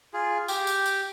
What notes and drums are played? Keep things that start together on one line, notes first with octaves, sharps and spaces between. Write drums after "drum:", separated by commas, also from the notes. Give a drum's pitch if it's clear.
F4 G#4
G4 G5, drum: tambourine
drum: tambourine
drum: tambourine